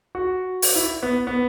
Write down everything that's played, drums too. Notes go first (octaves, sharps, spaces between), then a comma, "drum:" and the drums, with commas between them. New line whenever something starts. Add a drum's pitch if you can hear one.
F#4
drum: open hi-hat
E4
B3
B3